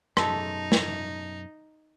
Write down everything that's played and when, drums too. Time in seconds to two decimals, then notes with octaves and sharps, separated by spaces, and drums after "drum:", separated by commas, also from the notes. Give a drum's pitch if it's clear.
0.17 F#2 B2 G#3 A3 D#4 A4, drum: rim click
0.72 drum: snare